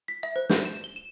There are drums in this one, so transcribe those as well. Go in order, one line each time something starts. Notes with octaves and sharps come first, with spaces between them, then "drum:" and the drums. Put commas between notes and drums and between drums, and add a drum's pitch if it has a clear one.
B6
E5
C5
G6, drum: snare
E7
G7
E7